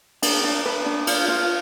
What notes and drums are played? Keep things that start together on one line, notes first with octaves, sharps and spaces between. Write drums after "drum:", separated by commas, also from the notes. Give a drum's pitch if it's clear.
D4, drum: cymbal
D4
B4
D4
F4, drum: cymbal
F4